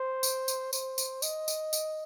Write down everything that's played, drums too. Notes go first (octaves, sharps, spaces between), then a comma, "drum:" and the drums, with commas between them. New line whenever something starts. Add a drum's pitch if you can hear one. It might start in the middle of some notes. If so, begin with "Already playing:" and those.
Already playing: C5
drum: tambourine
drum: tambourine
C5, drum: tambourine
drum: tambourine
D#5, drum: tambourine
drum: tambourine
drum: tambourine